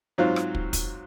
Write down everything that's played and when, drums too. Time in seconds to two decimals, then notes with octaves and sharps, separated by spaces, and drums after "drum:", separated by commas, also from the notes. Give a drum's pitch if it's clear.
0.18 G#2 F#3 C4 F4
0.36 drum: rim click
0.55 drum: kick
0.73 drum: kick, hi-hat